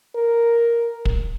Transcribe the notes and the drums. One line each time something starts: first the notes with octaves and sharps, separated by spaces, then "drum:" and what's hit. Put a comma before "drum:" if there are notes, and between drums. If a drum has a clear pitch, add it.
A#4
drum: kick